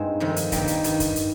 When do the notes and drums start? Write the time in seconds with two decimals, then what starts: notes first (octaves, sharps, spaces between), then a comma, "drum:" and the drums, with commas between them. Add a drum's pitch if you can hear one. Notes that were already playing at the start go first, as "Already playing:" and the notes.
Already playing: G2 G#3 C4 D#4 F4
0.20 F2 C3 D#3
0.36 drum: hi-hat
0.52 G2 D#3 G3 A#3, drum: kick, hi-hat
0.68 G3, drum: hi-hat
0.84 G2 D#3, drum: hi-hat
1.00 drum: kick, hi-hat
1.16 drum: hi-hat